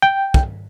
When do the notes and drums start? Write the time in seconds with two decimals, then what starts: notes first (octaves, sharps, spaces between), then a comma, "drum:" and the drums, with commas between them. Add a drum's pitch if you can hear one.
0.02 G5
0.34 drum: kick